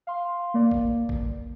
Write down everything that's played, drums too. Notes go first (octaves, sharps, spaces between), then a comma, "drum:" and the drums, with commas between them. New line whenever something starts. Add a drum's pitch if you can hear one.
F5 C6
A#3 D5
drum: kick A1
drum: kick A1